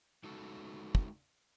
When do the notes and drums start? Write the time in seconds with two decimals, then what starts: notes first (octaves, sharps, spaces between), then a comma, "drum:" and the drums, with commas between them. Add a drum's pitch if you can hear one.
0.24 G#3 D#4 F#4 A4 A5
0.95 drum: kick